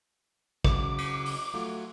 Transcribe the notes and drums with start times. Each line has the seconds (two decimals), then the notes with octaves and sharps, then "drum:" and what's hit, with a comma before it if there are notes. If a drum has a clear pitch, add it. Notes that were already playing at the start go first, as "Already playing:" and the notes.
0.65 C#3 F#3 G#3 D6, drum: kick
0.98 drum: cymbal
1.25 drum: open hi-hat
1.54 F#3 A3 F4